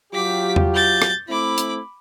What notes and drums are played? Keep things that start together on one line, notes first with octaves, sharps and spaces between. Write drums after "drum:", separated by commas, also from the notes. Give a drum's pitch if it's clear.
F#3 F4 G4 D6 B6
drum: tom E2
G6 A6
drum: rim click
A3 C4 E4 B5 D6
drum: hi-hat